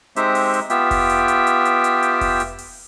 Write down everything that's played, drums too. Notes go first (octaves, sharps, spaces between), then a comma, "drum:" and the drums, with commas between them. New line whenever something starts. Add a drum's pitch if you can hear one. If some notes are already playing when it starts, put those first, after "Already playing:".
G#3 C4 D#4 G4 C5 E5, drum: hi-hat
drum: open hi-hat
drum: hi-hat
B3 F4 G4 E5 G5, drum: hi-hat
drum: kick F1, open hi-hat
drum: hi-hat
drum: hi-hat
drum: hi-hat
drum: hi-hat
drum: hi-hat
drum: hi-hat
drum: kick F1, open hi-hat
drum: hi-hat
drum: open hi-hat